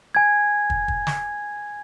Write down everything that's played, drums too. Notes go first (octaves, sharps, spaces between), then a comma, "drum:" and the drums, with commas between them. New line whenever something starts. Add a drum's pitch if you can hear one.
G#5 G#6
drum: kick
drum: kick
drum: snare